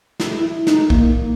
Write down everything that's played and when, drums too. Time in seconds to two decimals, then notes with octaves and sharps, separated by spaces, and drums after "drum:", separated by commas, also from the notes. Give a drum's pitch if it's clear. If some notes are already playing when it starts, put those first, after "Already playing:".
0.20 E4, drum: snare
0.43 E4
0.67 D#4, drum: snare
0.90 A#3, drum: kick